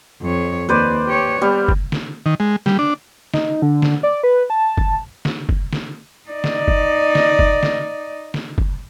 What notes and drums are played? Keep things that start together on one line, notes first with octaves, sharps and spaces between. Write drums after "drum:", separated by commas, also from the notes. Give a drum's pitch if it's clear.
F2 C#5
D#2 B4 C5 D5
G4 C#5
G3 B3
drum: kick
drum: snare
D#3
G#3
G3, drum: snare
D4
D#4, drum: snare
D3
drum: snare
D5
B4
A5
drum: kick
drum: snare
drum: kick
drum: snare
D#4 D5
drum: snare
drum: kick
drum: snare
drum: kick
drum: snare
drum: snare
drum: kick